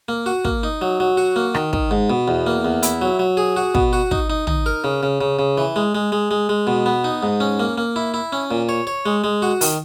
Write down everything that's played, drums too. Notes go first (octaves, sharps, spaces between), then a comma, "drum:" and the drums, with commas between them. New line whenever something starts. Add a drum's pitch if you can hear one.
A#3
F#4
A#3, drum: kick
D#4
F#3
F#3
F#4
A#3
D#3, drum: rim click
D#3, drum: kick
G#2
B2
E2
A#3
E2
E4, drum: hi-hat
F#3
F#3
G#4
F#4
B2, drum: kick
F#4
D#4, drum: kick
D#4
D#4, drum: tom
A#4
C#3
C#3
C#3
C#3
E3
G#3
G#3
G#3
G#3
G#3
B2
B3
D#4
G#2
C#4
A#3
A#3
E4
E4
C#4
A#2
C#5
C#5
G#3
G#3
F#4
D#3, drum: open hi-hat